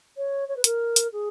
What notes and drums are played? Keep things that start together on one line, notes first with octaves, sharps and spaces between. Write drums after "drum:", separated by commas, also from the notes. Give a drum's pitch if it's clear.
C#5
C#5
B4
A#4, drum: hi-hat
drum: hi-hat
G#4